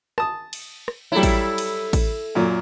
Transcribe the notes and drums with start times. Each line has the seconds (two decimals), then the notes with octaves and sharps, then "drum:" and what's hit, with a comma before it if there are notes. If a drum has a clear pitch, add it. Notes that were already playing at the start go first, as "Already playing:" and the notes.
0.18 A5 D#6, drum: rim click
0.53 drum: cymbal
0.88 drum: rim click
1.12 F#3 G3 E4 A4
1.23 drum: kick A1, cymbal
1.58 drum: cymbal
1.93 drum: kick A1, cymbal
2.35 F#2 A#2